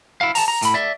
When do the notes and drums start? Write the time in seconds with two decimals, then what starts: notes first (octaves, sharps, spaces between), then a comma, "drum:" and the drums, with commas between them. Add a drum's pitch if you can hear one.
0.21 E4 F5
0.35 A5 A#5, drum: open hi-hat
0.48 A#5
0.62 A2 B5, drum: hi-hat
0.74 D5 E5